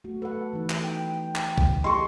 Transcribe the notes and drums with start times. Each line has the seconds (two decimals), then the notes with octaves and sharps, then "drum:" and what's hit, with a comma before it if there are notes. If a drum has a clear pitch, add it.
0.04 A3 F#4
0.22 A4 B4 F#5
0.53 E3 D#4
0.70 drum: clap
0.84 G5
1.36 drum: clap
1.58 drum: kick
1.84 E4 G4 A4 D#5 C6 C#6